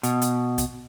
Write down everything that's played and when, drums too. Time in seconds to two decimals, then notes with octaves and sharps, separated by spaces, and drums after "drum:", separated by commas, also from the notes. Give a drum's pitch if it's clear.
0.03 B2, drum: hi-hat
0.22 drum: hi-hat
0.58 drum: kick, hi-hat